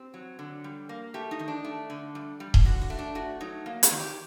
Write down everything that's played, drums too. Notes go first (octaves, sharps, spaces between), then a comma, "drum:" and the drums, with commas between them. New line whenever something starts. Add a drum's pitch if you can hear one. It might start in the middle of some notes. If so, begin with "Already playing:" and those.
Already playing: C4 G4
F#3
D3
G3
A#3
A3 G4
D#4
D#3
D4
A3
D3
G3
G3
drum: kick D#1
D3 F#4
F#4
A3
D4
A3 F#4
F#3 D#4
A#3
G4, drum: hi-hat
D#3
G4